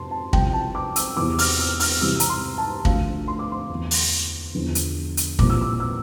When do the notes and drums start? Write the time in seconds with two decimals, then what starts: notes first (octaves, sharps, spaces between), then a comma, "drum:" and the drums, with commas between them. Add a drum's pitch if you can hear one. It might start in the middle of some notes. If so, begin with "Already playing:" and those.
Already playing: F2 C3 A5 C6
0.11 A5
0.33 C2 C3 F3 G5, drum: kick
0.53 A5
0.75 D6
0.96 E6, drum: hi-hat
1.17 E2 C3 E3 D6
1.39 F6, drum: open hi-hat
1.60 E6
1.80 F6, drum: open hi-hat
2.01 C2 C3 E3 E6
2.20 A#5, drum: hi-hat
2.29 C6
2.58 A5
2.85 D2 D3 F3 F5, drum: kick
3.28 C6
3.39 D6
3.52 C6
3.70 E2 E3
3.91 drum: open hi-hat
4.55 E2 D3 F3
4.75 drum: hi-hat
5.17 drum: hi-hat
5.39 C2 A#2 F3 D6, drum: kick
5.50 E6
5.61 D6
5.80 E6